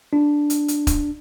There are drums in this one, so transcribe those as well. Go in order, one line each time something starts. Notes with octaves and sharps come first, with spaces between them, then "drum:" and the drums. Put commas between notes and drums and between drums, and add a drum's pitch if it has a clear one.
D4
drum: hi-hat
drum: hi-hat
drum: kick, hi-hat